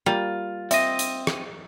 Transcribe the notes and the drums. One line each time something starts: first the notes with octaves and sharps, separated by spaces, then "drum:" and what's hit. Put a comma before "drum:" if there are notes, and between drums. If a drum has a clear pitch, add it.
G3 A#3 F4
C4 D#5 E5, drum: hi-hat
drum: hi-hat
drum: rim click